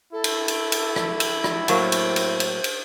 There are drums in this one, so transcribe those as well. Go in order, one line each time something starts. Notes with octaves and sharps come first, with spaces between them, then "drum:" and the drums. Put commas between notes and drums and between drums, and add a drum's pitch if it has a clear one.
E4 A4
drum: cymbal
drum: cymbal
drum: cymbal
drum: rim click
drum: cymbal
drum: rim click
A2 F#3 A#3 C5, drum: cymbal
drum: cymbal
drum: cymbal
drum: cymbal
drum: cymbal